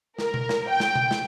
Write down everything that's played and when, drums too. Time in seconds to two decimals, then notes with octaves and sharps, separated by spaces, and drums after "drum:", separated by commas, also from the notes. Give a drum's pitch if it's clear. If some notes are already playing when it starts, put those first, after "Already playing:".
0.18 A#4, drum: snare
0.34 drum: tom B2
0.49 drum: snare
0.69 G5
0.80 drum: snare
0.95 drum: tom B2
1.11 drum: snare